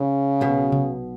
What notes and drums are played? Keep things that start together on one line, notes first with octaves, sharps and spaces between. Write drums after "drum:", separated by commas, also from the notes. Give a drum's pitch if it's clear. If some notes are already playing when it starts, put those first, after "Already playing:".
Already playing: C#3
B1 B2
drum: tom C3